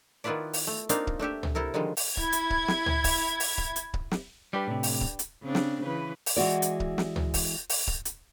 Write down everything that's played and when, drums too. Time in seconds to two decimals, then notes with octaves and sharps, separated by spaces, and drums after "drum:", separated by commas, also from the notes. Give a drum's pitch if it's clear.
0.24 D#3 B3 E4 F4 B4 D5
0.53 drum: open hi-hat
0.67 A3
0.89 A#3 C4 D4 D#4 F4 F5, drum: hi-hat
1.07 drum: kick C#1
1.19 A3 D4 G4 E5
1.43 drum: tom
1.55 C3 E4 A4 A#4
1.74 D3 D#3 F3 G3 G#3
1.97 drum: open hi-hat
2.17 E4 G#6, drum: kick C#1
2.32 drum: hi-hat
2.50 drum: kick C#1
2.68 drum: snare
2.86 drum: tom
3.04 drum: kick C#1, open hi-hat
3.40 drum: open hi-hat
3.58 drum: kick C#1
3.76 drum: hi-hat
3.94 drum: kick C#1
4.11 drum: snare
4.53 G3 D4 G4 B4
4.67 A2 C3
4.83 drum: open hi-hat
5.01 drum: kick C#1
5.19 drum: hi-hat
5.43 C#3 C4 D4
5.55 drum: snare
5.82 C#3 E3 B4
6.26 drum: open hi-hat
6.37 E3 G#3 F#4 D5
6.62 drum: hi-hat
6.80 drum: kick C#1
6.98 drum: snare
7.16 drum: tom
7.34 drum: kick C#1, open hi-hat
7.69 drum: open hi-hat
7.87 drum: kick C#1
8.05 drum: hi-hat